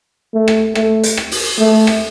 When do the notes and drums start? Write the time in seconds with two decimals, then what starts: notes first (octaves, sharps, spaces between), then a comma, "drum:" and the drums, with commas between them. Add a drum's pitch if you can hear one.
0.34 A3
0.48 drum: rim click
0.75 A3, drum: rim click
1.03 drum: hi-hat
1.17 drum: rim click
1.31 drum: open hi-hat
1.59 A3
1.87 drum: rim click